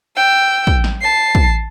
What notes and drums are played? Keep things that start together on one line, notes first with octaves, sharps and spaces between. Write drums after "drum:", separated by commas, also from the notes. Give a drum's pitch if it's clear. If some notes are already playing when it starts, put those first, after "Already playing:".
G5 E6
drum: kick
drum: snare
A5 C7
drum: kick